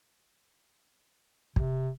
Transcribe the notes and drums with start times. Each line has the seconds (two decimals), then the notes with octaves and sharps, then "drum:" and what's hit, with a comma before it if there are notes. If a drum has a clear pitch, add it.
1.56 C3, drum: kick